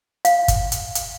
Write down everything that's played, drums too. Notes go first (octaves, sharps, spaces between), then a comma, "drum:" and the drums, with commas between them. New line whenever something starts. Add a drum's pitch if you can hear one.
F5, drum: hi-hat
drum: kick, hi-hat
drum: hi-hat
drum: hi-hat